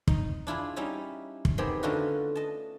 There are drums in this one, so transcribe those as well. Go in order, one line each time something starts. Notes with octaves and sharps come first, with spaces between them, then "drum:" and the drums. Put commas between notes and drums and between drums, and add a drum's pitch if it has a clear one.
D#4, drum: kick
D4 E4 F4 G#4
G3 C#4 D#4 E4
drum: kick
D#3 B3 C4 G4 G#4
D3 A3 C#4 D#4 F4 F#4
D#5 A5